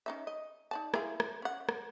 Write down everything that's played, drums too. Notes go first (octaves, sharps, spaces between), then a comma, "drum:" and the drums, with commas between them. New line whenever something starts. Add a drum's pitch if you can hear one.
C#4 D#4 E5
D#5
D#4 D5 A5
E4 F4 G#4, drum: rim click
drum: rim click
C#4 F#5
drum: rim click